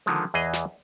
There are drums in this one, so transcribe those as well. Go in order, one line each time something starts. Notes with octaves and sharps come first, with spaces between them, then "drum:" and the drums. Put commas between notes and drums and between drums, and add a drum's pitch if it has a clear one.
D3 D#3 F3 G#3
E2 E3 G#4 D#5
drum: snare